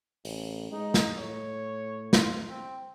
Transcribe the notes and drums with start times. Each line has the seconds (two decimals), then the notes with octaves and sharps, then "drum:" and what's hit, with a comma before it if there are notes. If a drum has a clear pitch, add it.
0.25 A1, drum: open hi-hat
0.72 G#3 D#4
0.94 drum: snare
1.18 A2 C#5
2.13 F4, drum: snare
2.49 C4